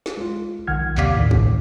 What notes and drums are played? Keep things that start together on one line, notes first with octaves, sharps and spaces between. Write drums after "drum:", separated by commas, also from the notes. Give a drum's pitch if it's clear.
drum: snare
G#3 F4
B1 D#3 F#5 F6 G#6
D#2 C3 D5 F5 D6 B6, drum: clap
A2 D#3
drum: kick